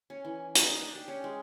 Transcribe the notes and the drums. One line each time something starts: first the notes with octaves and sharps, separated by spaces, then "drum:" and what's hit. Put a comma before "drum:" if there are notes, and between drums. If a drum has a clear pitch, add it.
C#4
E3
D#4, drum: hi-hat
D4
G4
C#4
G#3